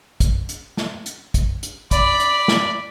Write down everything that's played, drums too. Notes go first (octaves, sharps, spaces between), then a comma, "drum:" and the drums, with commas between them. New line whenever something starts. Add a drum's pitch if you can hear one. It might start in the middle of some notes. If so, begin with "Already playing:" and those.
drum: kick, hi-hat
drum: hi-hat
drum: snare
drum: hi-hat
drum: kick, hi-hat
drum: hi-hat
D5 B5, drum: kick, hi-hat
drum: hi-hat
drum: snare